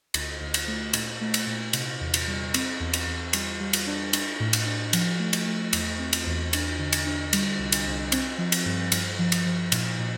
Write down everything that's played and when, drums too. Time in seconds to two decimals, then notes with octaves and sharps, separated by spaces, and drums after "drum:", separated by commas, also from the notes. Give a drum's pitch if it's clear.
0.14 D2, drum: cymbal
0.41 D2
0.54 drum: cymbal
0.68 A3
0.93 A#2, drum: cymbal
1.21 A3
1.34 drum: cymbal
1.47 A#2
1.73 C3, drum: cymbal
2.01 E2
2.14 drum: cymbal
2.27 G3
2.54 C4, drum: cymbal
2.80 E2
2.93 drum: cymbal
3.07 E2
3.33 G3, drum: cymbal
3.60 G3
3.73 drum: cymbal
3.87 D4
4.13 D4, drum: cymbal
4.40 A2
4.53 drum: cymbal
4.67 D4
4.93 F3, drum: cymbal
5.19 A3
5.33 drum: cymbal
5.47 A3
5.73 E2, drum: cymbal
5.99 C4
6.13 drum: cymbal
6.27 E2
6.53 D4, drum: cymbal
6.79 D3
6.93 drum: cymbal
7.06 D4
7.33 G3, drum: cymbal
7.59 C2
7.72 drum: cymbal
7.86 C2
8.12 C4, drum: cymbal
8.38 F3
8.52 drum: cymbal
8.65 G2
8.92 G2, drum: cymbal
9.19 F3
9.32 drum: cymbal
9.46 F3
9.72 A#2, drum: cymbal
9.99 A#2